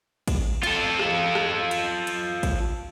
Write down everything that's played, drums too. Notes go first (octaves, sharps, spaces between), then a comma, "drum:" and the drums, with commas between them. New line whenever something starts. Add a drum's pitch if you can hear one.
drum: kick, cymbal
F4 A4, drum: cymbal
drum: rim click
drum: rim click
drum: cymbal
drum: cymbal
drum: kick, cymbal